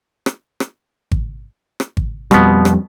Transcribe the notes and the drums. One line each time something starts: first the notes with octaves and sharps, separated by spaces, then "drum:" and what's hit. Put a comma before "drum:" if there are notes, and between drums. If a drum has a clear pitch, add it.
drum: rim click
drum: rim click
drum: kick G#1
drum: rim click
drum: kick G#1
F2 B2 F3 G3 B3, drum: rim click
drum: rim click